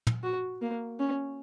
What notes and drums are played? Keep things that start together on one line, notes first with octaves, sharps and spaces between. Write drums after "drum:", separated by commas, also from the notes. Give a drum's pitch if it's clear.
drum: tom
F#4
A#3
C#4